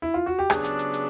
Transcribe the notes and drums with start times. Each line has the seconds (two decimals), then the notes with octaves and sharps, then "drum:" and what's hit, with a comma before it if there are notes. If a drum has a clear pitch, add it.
0.02 E4
0.14 F4
0.26 F#4
0.39 G4
0.50 C#3 F#3 B3 D4 G#4, drum: rim click
0.65 drum: hi-hat
0.79 drum: hi-hat
0.94 drum: hi-hat